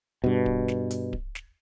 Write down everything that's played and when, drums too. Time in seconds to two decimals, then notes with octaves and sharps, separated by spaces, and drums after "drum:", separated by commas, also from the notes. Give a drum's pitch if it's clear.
0.24 G2 B2
0.46 drum: kick D1
0.68 drum: snare
0.91 drum: hi-hat
1.13 drum: kick D1
1.35 drum: snare